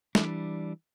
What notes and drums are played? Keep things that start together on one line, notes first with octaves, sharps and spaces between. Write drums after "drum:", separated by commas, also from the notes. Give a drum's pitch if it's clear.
E3 G3 D4, drum: snare